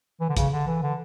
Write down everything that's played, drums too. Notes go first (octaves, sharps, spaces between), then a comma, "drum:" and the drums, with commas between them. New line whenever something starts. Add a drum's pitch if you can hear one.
E3
D3
C#3, drum: kick, hi-hat
D3
E3
D3